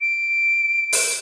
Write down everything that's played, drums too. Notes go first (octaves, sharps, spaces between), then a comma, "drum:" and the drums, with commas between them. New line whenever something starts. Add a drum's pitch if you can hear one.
D7
drum: open hi-hat